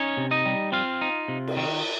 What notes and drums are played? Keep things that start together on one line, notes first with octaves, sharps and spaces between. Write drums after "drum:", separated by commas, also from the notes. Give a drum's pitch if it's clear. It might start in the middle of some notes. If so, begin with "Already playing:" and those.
Already playing: C#4 D#4 C#5
C3
D#4 D#5
G3
C4 F4 F5
D#4
C3
drum: cymbal
D#3